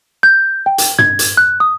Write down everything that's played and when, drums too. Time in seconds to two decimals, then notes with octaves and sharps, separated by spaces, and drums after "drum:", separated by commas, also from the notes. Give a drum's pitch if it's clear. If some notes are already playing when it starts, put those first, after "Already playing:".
0.23 G6
0.66 G5
0.78 drum: hi-hat
0.99 G#6, drum: tom
1.19 drum: hi-hat
1.37 F#6
1.60 D#6